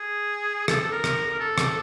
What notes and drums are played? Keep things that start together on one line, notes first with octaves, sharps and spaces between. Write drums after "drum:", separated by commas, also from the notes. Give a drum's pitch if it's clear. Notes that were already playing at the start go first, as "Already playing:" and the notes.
Already playing: G#4
A4, drum: rim click
A4
A#4
drum: rim click
A4
drum: rim click